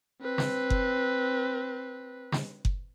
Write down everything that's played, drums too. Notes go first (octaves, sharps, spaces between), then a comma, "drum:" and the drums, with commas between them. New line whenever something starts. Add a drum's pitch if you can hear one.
C4 B4
drum: snare
drum: kick F#1
drum: snare
drum: kick F#1